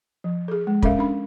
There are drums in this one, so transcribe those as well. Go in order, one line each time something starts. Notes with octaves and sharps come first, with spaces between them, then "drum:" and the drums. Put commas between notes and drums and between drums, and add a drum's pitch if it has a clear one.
F3
G#4 A4
G#3
C#4 A4 A#4 E5 F5, drum: kick
C#4 D4 B5